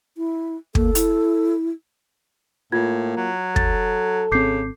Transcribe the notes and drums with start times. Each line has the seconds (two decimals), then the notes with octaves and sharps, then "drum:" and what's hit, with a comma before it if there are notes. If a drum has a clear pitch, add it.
0.17 E4
0.75 A#3 A4, drum: kick
0.95 E4, drum: hi-hat
2.72 A2 A#3 F4 G#6
3.17 F#3
3.56 A4 A6, drum: kick
4.32 G#1 C#3 C4 D6 G6 C7